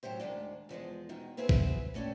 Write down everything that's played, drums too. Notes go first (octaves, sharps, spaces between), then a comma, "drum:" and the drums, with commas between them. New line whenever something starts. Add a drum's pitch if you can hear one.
A2 F#3 A3 G4 C5
D2 D#3 G#3 D4
E2 F3 G3 G#3
B2 D#3 G#3
B3 C4 E4 G#4 B4 C5
drum: kick A#1
A#2 A3 C#4 D4 G4